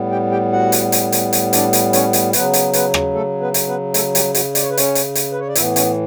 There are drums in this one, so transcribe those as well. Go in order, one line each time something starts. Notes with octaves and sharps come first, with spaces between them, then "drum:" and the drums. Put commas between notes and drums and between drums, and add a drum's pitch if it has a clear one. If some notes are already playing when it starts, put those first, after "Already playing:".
Already playing: A2 G3 B3
G4 G5
G4 G5
F#4 F#5
drum: hi-hat
drum: hi-hat
drum: hi-hat
drum: hi-hat
D4 D5, drum: hi-hat
drum: hi-hat
C#4 C#5, drum: hi-hat
drum: hi-hat
C#3 F#3 B3 B4, drum: hi-hat
drum: hi-hat
B3 B4, drum: hi-hat
drum: rim click
A3 A4
B3 B4
drum: hi-hat
B3 B4
A3 A4, drum: hi-hat
G3 G4, drum: hi-hat
F#3 F#4, drum: hi-hat
D5, drum: hi-hat
C#5
B4
C#4 C#5, drum: hi-hat
drum: hi-hat
drum: hi-hat
B4
C#5
D5
A2 E3 B3 E4 E5, drum: hi-hat
C#4 C#5, drum: hi-hat